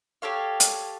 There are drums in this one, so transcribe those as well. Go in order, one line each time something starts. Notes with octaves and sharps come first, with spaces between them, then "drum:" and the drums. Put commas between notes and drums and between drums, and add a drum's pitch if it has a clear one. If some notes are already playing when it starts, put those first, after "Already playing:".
G4 A4 C#5 F5
drum: hi-hat